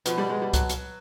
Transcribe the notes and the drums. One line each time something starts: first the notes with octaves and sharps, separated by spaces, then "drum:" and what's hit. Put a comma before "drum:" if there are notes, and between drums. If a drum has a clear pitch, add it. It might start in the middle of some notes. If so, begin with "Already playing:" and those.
B2 F3, drum: hi-hat
G3
G#3
G3
F#3, drum: kick C2, hi-hat
drum: hi-hat